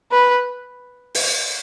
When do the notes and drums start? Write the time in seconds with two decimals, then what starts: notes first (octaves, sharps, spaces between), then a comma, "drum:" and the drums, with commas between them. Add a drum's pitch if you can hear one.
0.12 B4
1.15 drum: open hi-hat